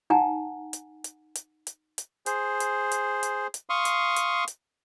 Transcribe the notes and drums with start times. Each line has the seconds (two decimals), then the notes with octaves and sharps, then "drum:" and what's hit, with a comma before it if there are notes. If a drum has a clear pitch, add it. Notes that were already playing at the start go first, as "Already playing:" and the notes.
0.10 D#4 F#5 G#5 A#5
0.73 drum: hi-hat
1.04 drum: hi-hat
1.35 drum: hi-hat
1.67 drum: hi-hat
1.98 drum: hi-hat
2.26 G#4 C5, drum: hi-hat
2.60 drum: hi-hat
2.91 drum: hi-hat
3.23 drum: hi-hat
3.54 drum: hi-hat
3.70 F5 C6 C#6 D#6
3.85 drum: hi-hat
4.16 drum: hi-hat
4.48 drum: hi-hat